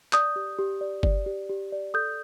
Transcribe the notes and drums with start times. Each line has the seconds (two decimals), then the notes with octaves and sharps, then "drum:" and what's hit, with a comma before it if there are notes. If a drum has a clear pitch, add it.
0.13 D5 D#6 G6, drum: clap
0.36 G4
0.58 G4
0.81 D5
1.03 D5, drum: kick G1
1.26 G4
1.50 G4
1.72 D5
1.94 A4 D#6 G6